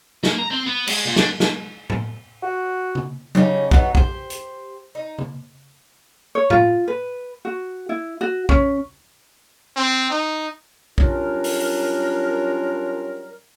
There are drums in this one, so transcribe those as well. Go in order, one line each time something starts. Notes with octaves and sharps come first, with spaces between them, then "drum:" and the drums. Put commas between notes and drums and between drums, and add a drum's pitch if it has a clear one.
A#3, drum: snare
A#5
C4
B3
G#3, drum: cymbal
A#2
D4, drum: snare
drum: snare
drum: tom A2
F#4
drum: tom C#3
C#3 C#4 D#4 G4, drum: tom F#3
F#3 B3 D#4, drum: kick A#1
G4 C5, drum: kick A#1
drum: hi-hat
D#4
drum: tom C#3
C#5
F4, drum: tom A2
B4
F#4
E4
F#4
C#4, drum: kick A#1
C4
D#4
F#3 G3 C#4 D4 F4 A#4, drum: kick A#1
drum: open hi-hat